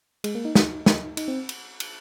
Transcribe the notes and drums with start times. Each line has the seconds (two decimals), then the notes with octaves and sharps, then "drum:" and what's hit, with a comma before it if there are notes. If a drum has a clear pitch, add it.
0.24 G#3, drum: cymbal
0.35 A#3
0.45 D#4
0.55 D#4, drum: snare
0.86 drum: snare
1.17 D#4, drum: cymbal
1.28 C4
1.49 drum: cymbal
1.80 drum: cymbal